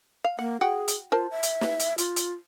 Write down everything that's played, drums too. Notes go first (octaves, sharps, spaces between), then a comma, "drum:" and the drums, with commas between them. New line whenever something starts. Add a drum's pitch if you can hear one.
F5
A#3 F#5
F#4 G#4 F#5 G5
drum: hi-hat
F4 A#4 C5 A5
E5
drum: hi-hat
drum: snare
drum: hi-hat
F4, drum: hi-hat
drum: hi-hat